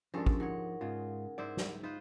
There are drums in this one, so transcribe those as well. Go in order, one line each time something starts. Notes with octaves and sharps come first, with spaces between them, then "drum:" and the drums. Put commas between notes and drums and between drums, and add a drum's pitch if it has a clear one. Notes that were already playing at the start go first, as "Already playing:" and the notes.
G2 F3 G#3 C#4 D4 A4 A#4
drum: kick
G#2 A#4 C#5 F#5
G#2 C#3 F4
G#2 E4 C5 D5
drum: snare
D#4 F4 B4 C5